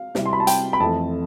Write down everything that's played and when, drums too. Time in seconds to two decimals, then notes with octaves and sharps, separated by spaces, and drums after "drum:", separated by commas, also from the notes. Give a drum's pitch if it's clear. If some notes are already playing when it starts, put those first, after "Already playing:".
Already playing: F5
0.15 C3 G3 C4 E4, drum: snare
0.26 C6
0.33 B5
0.40 A5
0.47 G5, drum: hi-hat
0.73 B5
0.80 F2 E3 A3 A5